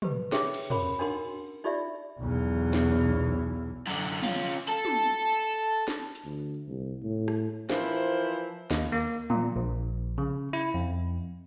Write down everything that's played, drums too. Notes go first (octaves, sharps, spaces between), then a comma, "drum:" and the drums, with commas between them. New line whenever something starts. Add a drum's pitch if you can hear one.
G4 B4, drum: tom
G4 G#4 C#5 E5 G5, drum: snare
drum: cymbal
C#4 F#4 A#4 C#5 B5, drum: tom
D4 D#4 F#4 A#4 F#5 C6
D#4 F4 G4 D5 E5
B1 E2
drum: snare
F#2 D3
C#4 F4, drum: tom
A4
drum: tom
drum: snare
drum: hi-hat
D2
C2
A2
drum: rim click
E3 F3 E4 A#4 C5, drum: snare
D#2, drum: snare
A#3
A#2, drum: tom
A#1
C#3
E4
F2